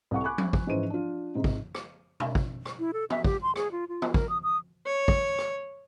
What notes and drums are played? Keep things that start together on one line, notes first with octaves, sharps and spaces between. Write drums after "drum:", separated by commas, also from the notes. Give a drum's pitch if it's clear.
C2 A4 F#5 C#6
G#5 B5 C#6 D6 F#6
drum: tom F3
drum: kick
G#2 E3 C#4 C5 D#7
D4 F4
G#2 C3
drum: kick
drum: rim click
drum: tom B2
drum: kick
drum: rim click
E4
A4
E5, drum: tom
G4, drum: kick
C6
G#4, drum: rim click
F4
F4
drum: tom
A#4, drum: kick
D#6
D#6
C#5
drum: kick
drum: rim click